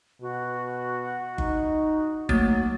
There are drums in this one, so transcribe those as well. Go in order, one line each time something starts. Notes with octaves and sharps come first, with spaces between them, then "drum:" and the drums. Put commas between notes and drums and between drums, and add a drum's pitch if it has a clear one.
B2 F#4
D#4, drum: kick G1
F#3 A3 A#3 A6, drum: kick G1